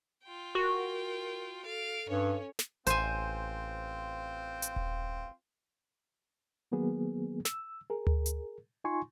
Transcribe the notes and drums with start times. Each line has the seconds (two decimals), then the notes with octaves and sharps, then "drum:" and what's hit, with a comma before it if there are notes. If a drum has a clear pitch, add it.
0.24 F4 G5
0.55 F#4 A#4
1.65 A4 F5 D7
2.09 G2 C#4 C#5
2.59 drum: snare
2.87 A1 C4 F4 C5 G#5, drum: hi-hat
4.62 drum: hi-hat
4.76 drum: kick D#1
6.72 D#3 F#3 A#3 B3 G#4
7.45 E6, drum: snare
7.90 G#4 A#4
8.07 drum: tom D2
8.26 drum: hi-hat
8.84 D#4 F4 G#5 C6 C#6